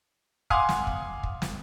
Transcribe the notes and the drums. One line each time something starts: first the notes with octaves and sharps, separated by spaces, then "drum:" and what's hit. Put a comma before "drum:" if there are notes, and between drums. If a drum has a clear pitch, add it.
F5 F#5 G#5 C6 D6 D#6, drum: kick
drum: snare
drum: kick
drum: kick
drum: snare